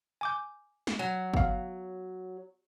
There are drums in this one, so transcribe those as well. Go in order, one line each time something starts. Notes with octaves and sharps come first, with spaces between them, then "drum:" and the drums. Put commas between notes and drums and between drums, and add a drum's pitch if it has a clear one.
G#5 D6 G6
drum: snare
F#3
B3 F5, drum: kick